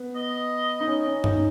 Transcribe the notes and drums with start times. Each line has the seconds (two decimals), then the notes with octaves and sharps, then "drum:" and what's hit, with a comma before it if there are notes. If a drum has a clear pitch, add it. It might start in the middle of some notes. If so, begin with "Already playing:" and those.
Already playing: B3
0.16 D#5
0.80 D#4
0.88 C#4
1.06 C#4
1.24 D#4, drum: tom G2